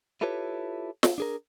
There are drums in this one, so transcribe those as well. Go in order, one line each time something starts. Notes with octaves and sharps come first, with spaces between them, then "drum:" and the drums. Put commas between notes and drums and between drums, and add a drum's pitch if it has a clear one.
E4 F4 G4 A4 B4 C#5
drum: snare
D4 G#4 A#4